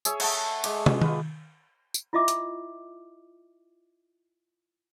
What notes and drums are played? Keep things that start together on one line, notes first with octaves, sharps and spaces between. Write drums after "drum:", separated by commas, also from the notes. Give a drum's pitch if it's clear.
G#4 C#5 E5, drum: tambourine
A3 F#5 A5, drum: cymbal
G#3 D6, drum: cymbal
B2, drum: tom
F4 B4, drum: tom D#3
drum: tambourine
E4 F4 D#5 E5 D6
drum: hi-hat